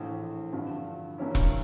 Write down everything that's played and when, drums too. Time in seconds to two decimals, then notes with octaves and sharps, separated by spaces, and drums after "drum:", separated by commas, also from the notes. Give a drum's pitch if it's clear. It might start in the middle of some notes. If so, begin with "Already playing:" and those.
Already playing: A#1 A2 E3
0.53 G2 D3 F3
1.18 G2 E3 A#3 C#4 E4
1.35 drum: kick E1